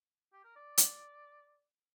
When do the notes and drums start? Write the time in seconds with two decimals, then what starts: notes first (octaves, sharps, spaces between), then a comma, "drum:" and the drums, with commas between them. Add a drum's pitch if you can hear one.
0.33 G4
0.45 A#4
0.56 D5
0.78 drum: hi-hat